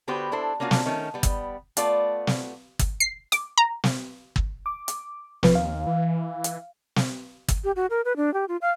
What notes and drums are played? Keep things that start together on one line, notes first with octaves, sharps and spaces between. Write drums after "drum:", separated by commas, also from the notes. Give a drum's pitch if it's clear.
D3 B3 F#4 G4 B4 C5
D4 E4 A4 C5
A#3 C#4 D4 F4 F#4
drum: snare
D#3 A3 C#4
G3 B3
drum: kick G1, hi-hat
A3 B3 F4 D5, drum: hi-hat
drum: snare
drum: kick G1, hi-hat
C7
D6, drum: hi-hat
A#5
drum: snare
drum: kick G1
D6
drum: hi-hat
A1 F3 B4, drum: snare
D#2 F5
E3
drum: hi-hat
drum: snare
drum: kick G1, hi-hat
G4
F#4
A#4
B4
D4
G4
F4
F5